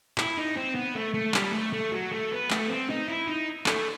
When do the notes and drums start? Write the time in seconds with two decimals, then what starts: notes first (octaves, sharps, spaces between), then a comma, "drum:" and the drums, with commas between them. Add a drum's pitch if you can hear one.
0.18 E4, drum: clap
0.38 D#4
0.57 C4
0.75 B3
0.95 A3
1.14 A3
1.34 G3, drum: clap
1.53 A3
1.73 A3
1.92 F#3
2.11 A3
2.32 B3
2.51 A3, drum: clap
2.69 C4
2.90 D#4
3.08 E4
3.27 D#4
3.66 A3, drum: clap